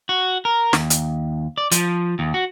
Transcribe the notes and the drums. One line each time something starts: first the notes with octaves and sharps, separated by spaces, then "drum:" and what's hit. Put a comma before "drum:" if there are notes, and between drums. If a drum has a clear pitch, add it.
F#4
A#4
D#2, drum: snare
drum: hi-hat
D5
F3, drum: hi-hat
D#2
F#4